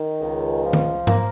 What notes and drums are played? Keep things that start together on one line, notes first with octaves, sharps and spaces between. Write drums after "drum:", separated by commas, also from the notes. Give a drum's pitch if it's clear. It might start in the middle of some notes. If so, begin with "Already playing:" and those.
Already playing: D#3
C#2
F3
drum: tom D#3
A#3, drum: tom G#2